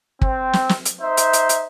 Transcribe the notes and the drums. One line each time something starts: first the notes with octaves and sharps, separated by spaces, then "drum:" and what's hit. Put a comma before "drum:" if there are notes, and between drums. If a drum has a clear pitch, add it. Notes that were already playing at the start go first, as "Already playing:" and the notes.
C4, drum: kick
drum: snare
drum: snare
drum: hi-hat
D#4 C5 E5
drum: hi-hat
drum: hi-hat
drum: hi-hat